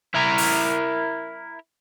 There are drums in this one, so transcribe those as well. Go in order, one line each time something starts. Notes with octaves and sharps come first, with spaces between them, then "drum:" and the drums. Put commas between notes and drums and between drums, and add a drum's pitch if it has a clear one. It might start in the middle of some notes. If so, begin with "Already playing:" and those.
E4 A#4
drum: open hi-hat